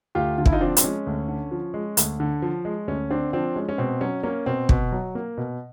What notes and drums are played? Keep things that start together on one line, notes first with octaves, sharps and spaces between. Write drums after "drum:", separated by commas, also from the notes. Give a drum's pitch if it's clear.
D2 F4 G4
D3 F4
E4, drum: kick
D#4 F4
F3 C4 D4
C4, drum: hi-hat
G#3 C#4
D2
D3
F3
G#3
D2, drum: hi-hat
D3
F3
G#3
D2 C#4
D3 C4 D4
F3 C4 D4
G#3 C#4
C#4
B2 C4
F#3 C#4
A#3 C#4
B2 C4
B2, drum: kick
F#3
A#3
B2